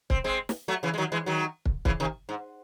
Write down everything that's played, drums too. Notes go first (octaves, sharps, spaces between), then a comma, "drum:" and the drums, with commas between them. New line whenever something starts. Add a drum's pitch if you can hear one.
C4, drum: kick
G#3 C4
drum: snare
F#3 A3
C#3 E3
G#3
D#3 F#3
E3 G#3
D#3 F#3
drum: kick
C#3 E3, drum: kick
C3 D#3
G#2